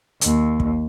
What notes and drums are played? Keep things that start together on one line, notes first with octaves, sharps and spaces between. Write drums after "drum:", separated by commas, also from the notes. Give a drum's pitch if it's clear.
D#2, drum: hi-hat
drum: kick